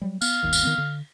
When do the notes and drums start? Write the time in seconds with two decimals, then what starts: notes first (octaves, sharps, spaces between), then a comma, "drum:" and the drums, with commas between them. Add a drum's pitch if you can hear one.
0.01 F#3 G3
0.21 B3 F5, drum: tambourine
0.43 G1 D#2 D#3
0.53 drum: tambourine
0.63 D#3 B3 C4
0.78 D3